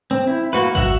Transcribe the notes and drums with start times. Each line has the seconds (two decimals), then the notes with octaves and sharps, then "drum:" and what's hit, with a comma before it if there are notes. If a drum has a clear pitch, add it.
0.11 C4
0.28 E4
0.53 A#3 F#4 B4
0.75 F#4 E5 F#5, drum: kick